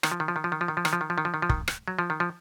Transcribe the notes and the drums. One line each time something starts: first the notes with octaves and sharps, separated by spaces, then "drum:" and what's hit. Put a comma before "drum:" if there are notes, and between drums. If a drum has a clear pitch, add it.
D#3, drum: rim click
F3
D#3
F3
D#3
F3
D#3
F3
D#3
F3
D#3, drum: rim click
F3
D#3
F3
D#3
F3
D#3
F3
D#3, drum: kick
drum: rim click
F#3
F3
D#3
F3